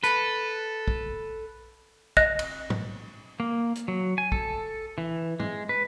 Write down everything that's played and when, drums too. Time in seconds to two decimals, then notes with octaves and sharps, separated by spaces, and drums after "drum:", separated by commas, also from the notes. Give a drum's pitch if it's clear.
0.04 A4 B4, drum: hi-hat
0.88 drum: kick A#1
2.17 D#5 F#6 A#6, drum: kick A#1
2.39 drum: cymbal
2.70 drum: tom G#2
3.40 A#3
3.75 drum: hi-hat
3.88 F#3
4.18 G#5
4.32 A4, drum: kick A#1
4.98 E3
5.40 G#3, drum: tom
5.69 B4